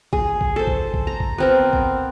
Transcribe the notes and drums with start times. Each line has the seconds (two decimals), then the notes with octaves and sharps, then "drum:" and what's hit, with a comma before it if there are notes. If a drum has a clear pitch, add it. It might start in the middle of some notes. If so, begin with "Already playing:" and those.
0.13 G#4, drum: kick
0.41 drum: kick
0.56 A4 C5
0.67 drum: kick
0.94 drum: kick
1.07 A#5
1.20 drum: kick
1.38 B3 C4 A#4
1.73 drum: kick